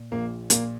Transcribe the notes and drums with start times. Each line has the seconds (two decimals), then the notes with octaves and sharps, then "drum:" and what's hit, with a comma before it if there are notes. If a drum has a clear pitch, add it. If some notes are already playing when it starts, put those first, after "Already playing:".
Already playing: A#2
0.11 A#1 A#3
0.50 A#2 A#3, drum: hi-hat